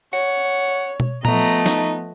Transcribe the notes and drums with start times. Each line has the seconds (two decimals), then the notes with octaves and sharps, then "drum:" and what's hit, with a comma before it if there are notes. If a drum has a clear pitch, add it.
0.13 C#5 F#5
1.00 drum: tom B2
1.25 F3 A3 B3 D#5 A#5, drum: tom A#2
1.66 D#4, drum: snare